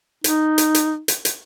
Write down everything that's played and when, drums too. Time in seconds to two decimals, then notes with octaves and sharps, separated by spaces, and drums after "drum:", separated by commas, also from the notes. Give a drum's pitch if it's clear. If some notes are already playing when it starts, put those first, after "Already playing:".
0.24 D#4, drum: hi-hat
0.58 drum: hi-hat
0.75 drum: hi-hat
1.08 drum: hi-hat
1.25 drum: hi-hat